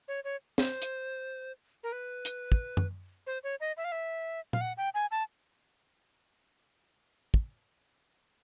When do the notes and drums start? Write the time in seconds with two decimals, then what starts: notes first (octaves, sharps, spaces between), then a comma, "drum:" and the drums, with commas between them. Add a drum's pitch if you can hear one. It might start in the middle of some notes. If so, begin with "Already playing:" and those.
0.08 C#5
0.24 C#5
0.58 C5, drum: snare
0.82 drum: hi-hat
1.83 A#4
1.92 B4
2.25 drum: hi-hat
2.52 drum: kick
2.77 drum: tom F#2
3.27 C5
3.44 C#5
3.60 D#5
3.77 E5
3.85 F5
3.92 E5
4.53 F5, drum: tom
4.61 F#5
4.77 G5
4.94 G#5
5.11 A5
7.34 drum: kick